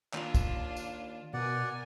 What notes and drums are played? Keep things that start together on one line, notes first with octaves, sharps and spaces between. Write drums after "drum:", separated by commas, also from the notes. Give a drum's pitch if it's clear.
D#3 A#3 D4 F4 A#5, drum: clap
drum: kick, tambourine
drum: tambourine
B2 A#4 D5 F#5 G#5